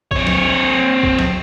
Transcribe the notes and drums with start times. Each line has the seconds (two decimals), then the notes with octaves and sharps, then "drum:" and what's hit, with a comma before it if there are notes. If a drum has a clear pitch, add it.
0.11 C4 C#5, drum: kick
0.27 drum: snare
1.03 drum: kick
1.19 drum: snare